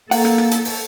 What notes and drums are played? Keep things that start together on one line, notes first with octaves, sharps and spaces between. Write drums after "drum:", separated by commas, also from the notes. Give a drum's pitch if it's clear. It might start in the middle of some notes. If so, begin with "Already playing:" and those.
A#3 A4 F#5, drum: open hi-hat
drum: rim click
drum: rim click
drum: hi-hat
drum: open hi-hat